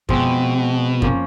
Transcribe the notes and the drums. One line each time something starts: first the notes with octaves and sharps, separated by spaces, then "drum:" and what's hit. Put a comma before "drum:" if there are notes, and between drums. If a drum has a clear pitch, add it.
B2 F3 G#3 C4, drum: kick F#2
F3 A#3 C#4, drum: kick F#2